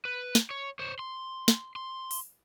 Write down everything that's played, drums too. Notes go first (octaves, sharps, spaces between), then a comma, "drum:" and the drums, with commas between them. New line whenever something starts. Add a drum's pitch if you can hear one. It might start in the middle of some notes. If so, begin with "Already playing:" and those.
B4
drum: snare
C#5
C5 C#5
C6
drum: snare
C6
drum: open hi-hat